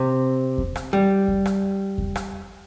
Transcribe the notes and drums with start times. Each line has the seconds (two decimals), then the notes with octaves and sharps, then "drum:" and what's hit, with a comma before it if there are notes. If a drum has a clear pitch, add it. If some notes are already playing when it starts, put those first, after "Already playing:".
Already playing: C3
0.58 drum: kick E2
0.76 drum: rim click
0.93 G3
1.28 drum: kick E2
1.46 drum: rim click
1.98 drum: kick E2
2.15 drum: rim click